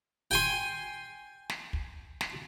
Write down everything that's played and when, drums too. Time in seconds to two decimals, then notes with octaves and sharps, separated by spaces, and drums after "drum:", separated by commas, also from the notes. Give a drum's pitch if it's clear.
0.31 G5 G#5 C6
1.49 drum: snare
1.73 drum: kick
2.21 drum: snare